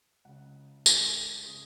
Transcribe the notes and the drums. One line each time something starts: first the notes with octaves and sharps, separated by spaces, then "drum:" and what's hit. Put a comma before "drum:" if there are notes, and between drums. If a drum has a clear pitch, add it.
C#2 C#3 F#5
C#2 C#3, drum: tambourine
C#3 G#4